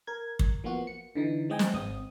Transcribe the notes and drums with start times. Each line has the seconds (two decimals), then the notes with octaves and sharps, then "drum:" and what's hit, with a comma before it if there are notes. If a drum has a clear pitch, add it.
0.07 A#4 G#6
0.39 drum: kick
0.64 F3 A#3 B3 F4 F#4
0.87 C#7
1.15 D3 E3 D#4
1.50 G#3 C4 D#5 G5 G#5
1.59 drum: snare
1.74 G#1 C4 D#6